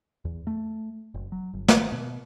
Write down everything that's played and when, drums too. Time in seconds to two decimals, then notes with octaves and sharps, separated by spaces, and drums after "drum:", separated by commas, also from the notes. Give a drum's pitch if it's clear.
0.25 E2
0.47 A3
1.14 F#1
1.32 F#3
1.53 G1
1.68 drum: snare
1.92 B2